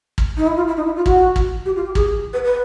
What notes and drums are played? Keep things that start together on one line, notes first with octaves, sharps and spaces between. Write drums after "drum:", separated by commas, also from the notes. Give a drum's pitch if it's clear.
drum: kick
D#4
E4
F4
E4
D#4
E4
F4
F#4, drum: kick
drum: kick
G4
F4
G4
G#4, drum: kick
B4
B4